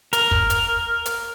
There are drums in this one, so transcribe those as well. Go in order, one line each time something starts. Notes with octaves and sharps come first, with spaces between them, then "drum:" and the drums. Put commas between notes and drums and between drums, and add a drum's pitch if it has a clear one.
A#4, drum: hi-hat
drum: kick
drum: hi-hat
drum: hi-hat